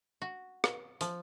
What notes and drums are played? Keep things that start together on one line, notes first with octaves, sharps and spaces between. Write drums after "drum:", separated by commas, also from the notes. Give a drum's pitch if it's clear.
F#4
drum: rim click
F3, drum: hi-hat